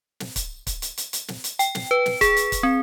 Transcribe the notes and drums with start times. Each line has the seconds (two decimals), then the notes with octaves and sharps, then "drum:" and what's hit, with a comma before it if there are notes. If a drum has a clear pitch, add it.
0.20 drum: snare
0.36 drum: kick C#1, hi-hat
0.67 drum: kick C#1, hi-hat
0.82 drum: hi-hat
0.98 drum: hi-hat
1.13 drum: hi-hat
1.28 drum: snare
1.44 drum: hi-hat
1.59 G5, drum: hi-hat
1.75 drum: snare
1.91 B4
2.06 drum: snare
2.21 G#4, drum: kick C#1, hi-hat
2.37 drum: hi-hat
2.52 drum: kick C#1, hi-hat
2.63 C4